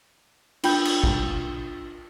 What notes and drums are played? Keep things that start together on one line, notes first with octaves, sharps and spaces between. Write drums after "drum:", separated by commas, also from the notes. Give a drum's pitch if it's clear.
D4 F4 G5 B5 G6, drum: cymbal
drum: cymbal
drum: kick